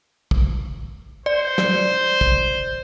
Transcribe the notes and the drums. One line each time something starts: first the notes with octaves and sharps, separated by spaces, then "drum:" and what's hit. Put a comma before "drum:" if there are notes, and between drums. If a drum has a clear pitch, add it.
drum: kick
C5 D5
drum: snare
drum: kick